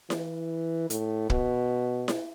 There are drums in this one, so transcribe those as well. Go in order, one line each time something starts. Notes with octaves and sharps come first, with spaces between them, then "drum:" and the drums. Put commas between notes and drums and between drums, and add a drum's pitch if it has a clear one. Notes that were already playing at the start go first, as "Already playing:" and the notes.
E3, drum: snare E4
A2, drum: hi-hat
B2, drum: kick
drum: snare E4